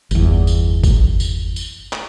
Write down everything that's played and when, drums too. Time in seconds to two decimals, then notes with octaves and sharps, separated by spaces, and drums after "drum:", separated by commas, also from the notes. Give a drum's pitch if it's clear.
0.11 G1 E2, drum: tambourine
0.47 drum: tambourine
0.84 drum: kick, tambourine
1.20 drum: tambourine
1.56 drum: tambourine
1.93 drum: clap